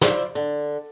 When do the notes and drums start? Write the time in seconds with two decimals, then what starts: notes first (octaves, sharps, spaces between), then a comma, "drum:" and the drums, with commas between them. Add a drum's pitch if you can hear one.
0.01 E4 F4 C5 D5, drum: snare
0.35 D3